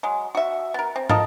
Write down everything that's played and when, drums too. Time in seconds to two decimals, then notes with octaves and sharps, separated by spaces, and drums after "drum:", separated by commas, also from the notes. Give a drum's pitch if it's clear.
0.03 F#3 G#3
0.35 F#4 E5
0.74 B3 A#4
0.96 C4
1.10 F4 A4 A#4 D#5, drum: tom